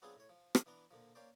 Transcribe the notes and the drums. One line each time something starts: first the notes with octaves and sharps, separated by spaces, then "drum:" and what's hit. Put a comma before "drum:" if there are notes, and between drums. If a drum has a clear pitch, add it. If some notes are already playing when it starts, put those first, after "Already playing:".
F#3 B3 C4 D4 F4 G#4
A2 C#5
F3
drum: rim click
E3 B3 D4 A#5
A#2 D3 F3
A#3 C#4 C5 D5